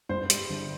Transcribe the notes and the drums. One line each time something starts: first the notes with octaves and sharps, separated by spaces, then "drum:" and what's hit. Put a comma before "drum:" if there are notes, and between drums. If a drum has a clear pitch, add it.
G2 C5
G3, drum: hi-hat
G1